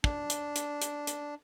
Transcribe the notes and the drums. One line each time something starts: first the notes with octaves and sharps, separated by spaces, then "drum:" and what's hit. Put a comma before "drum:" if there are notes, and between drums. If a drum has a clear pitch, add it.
D4, drum: kick
drum: hi-hat
drum: hi-hat
drum: hi-hat
drum: hi-hat